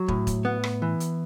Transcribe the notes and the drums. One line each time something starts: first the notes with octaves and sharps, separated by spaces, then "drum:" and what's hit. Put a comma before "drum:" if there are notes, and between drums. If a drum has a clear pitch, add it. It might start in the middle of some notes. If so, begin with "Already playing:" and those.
Already playing: F#3
A2, drum: kick
drum: kick, hi-hat
B3
drum: rim click
E3
drum: hi-hat